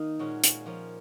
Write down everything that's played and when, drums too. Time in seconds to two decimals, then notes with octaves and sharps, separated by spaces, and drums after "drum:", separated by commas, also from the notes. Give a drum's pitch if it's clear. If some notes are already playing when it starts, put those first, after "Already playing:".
Already playing: D#3 A#3 D#4
0.19 A#2 G#3 C#4 F#4
0.44 drum: hi-hat
0.66 F3 A#3 C#4